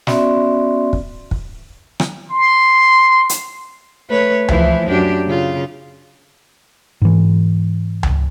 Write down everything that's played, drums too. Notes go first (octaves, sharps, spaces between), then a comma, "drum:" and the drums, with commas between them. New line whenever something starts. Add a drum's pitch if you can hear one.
B3 C#4 F#4 D5 E5 C6, drum: snare
drum: kick
drum: kick
drum: rim click
C6
drum: hi-hat
A3 B4 C#5
E3 F3 E4, drum: tom C#2
F#2 D4 G4
C#3 F4
G#2 E3
drum: tom C#2